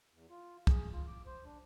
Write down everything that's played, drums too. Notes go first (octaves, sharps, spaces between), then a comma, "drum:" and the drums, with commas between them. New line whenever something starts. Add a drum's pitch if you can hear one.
E2
F4
G#4, drum: kick
F4
D6
C5
D4